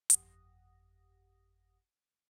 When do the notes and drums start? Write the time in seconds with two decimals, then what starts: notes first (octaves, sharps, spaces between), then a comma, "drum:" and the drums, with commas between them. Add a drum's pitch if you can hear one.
0.10 G1 F2 G4 F#5 D#6 A#6, drum: hi-hat